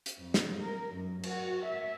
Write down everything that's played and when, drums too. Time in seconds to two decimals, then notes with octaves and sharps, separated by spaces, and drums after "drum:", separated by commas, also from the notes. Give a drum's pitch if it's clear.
0.06 drum: hi-hat
0.19 F2
0.34 drum: snare
0.60 A#4
0.94 F#2
1.23 F#4, drum: cymbal
1.64 E5